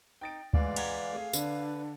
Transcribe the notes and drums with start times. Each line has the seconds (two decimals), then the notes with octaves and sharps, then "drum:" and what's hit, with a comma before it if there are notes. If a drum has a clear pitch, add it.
0.21 D#4 G5 A6 D7
0.53 D2 G#2 E3 G#3 D5 F5, drum: kick
0.76 F#5 A#5 G#6, drum: cymbal
1.12 A3 G#4
1.33 D3 D4 B4, drum: tambourine